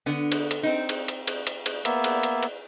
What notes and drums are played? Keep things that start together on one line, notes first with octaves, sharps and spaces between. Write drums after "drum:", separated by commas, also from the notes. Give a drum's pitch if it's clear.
D3 B3
drum: cymbal
drum: cymbal
C4 D#4
drum: cymbal
drum: cymbal
drum: cymbal
drum: cymbal
drum: cymbal
A#3 B3 E5, drum: cymbal
drum: cymbal
drum: cymbal
drum: cymbal